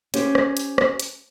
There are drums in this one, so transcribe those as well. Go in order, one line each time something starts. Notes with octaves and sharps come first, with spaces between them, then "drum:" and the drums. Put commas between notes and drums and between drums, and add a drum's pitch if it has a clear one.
C#4 G4 C5, drum: hi-hat
drum: rim click
drum: hi-hat
drum: rim click
drum: hi-hat